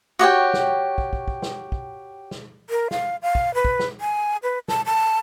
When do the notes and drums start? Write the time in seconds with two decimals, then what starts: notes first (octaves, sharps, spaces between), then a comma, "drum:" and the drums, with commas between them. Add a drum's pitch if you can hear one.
0.19 F#4 G4 C#5 G5
0.54 drum: snare
0.98 drum: kick
1.13 drum: kick
1.28 drum: kick
1.42 drum: snare
1.72 drum: kick
2.31 drum: snare
2.70 A#4
2.91 F5, drum: snare
3.22 F5
3.35 drum: kick
3.55 B4
3.65 drum: kick
3.79 drum: snare
4.01 G#5
4.43 B4
4.68 A5, drum: snare
4.86 A5